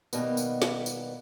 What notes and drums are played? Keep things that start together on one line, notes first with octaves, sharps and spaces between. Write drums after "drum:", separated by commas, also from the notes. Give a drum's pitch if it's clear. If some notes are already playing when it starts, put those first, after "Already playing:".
B2 D#3 G3 A#3 B3, drum: tambourine
drum: tambourine
drum: snare
drum: tambourine